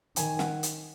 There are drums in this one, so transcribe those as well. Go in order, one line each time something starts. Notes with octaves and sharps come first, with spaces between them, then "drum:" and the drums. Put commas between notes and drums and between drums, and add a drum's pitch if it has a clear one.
D#3 G#5, drum: hi-hat
F#5, drum: snare
drum: hi-hat